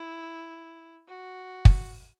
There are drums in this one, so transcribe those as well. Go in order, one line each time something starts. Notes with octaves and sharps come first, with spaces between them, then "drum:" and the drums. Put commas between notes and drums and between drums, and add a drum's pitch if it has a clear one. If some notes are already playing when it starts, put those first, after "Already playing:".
Already playing: E4
F#4
drum: kick